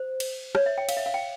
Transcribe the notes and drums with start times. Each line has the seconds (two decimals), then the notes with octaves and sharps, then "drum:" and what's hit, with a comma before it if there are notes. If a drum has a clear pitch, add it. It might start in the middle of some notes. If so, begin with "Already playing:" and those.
Already playing: C5
0.20 drum: cymbal
0.55 C#5, drum: rim click
0.66 E5
0.78 G5
0.89 F5, drum: cymbal
0.97 E5
1.06 F5
1.14 G5